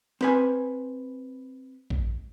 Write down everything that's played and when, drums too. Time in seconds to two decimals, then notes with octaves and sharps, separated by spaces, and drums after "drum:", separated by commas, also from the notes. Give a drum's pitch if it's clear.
0.21 C4 B4 G#5, drum: snare
1.90 drum: kick A#1